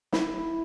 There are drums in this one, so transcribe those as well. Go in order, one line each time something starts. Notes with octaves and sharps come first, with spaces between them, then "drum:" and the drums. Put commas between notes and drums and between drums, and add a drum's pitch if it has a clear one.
E4, drum: snare